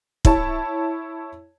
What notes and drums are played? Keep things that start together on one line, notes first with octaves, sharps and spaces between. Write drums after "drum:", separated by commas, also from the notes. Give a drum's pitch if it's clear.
E4 C#5 A5, drum: kick